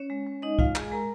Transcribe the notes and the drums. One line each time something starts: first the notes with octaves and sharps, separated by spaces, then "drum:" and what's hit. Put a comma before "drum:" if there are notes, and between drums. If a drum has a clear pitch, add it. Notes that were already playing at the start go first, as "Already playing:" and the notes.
Already playing: C#4 C#5
G#3
G#3
G#3 D#4 D#5
G#3 F4 F5, drum: kick B1
G#3 G#4 G#5, drum: clap
G#3 A#4 A#5